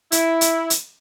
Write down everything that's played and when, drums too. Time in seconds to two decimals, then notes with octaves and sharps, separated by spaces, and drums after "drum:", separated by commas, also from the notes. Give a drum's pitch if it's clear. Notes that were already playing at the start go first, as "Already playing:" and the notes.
0.12 E4, drum: hi-hat
0.41 drum: hi-hat
0.70 drum: hi-hat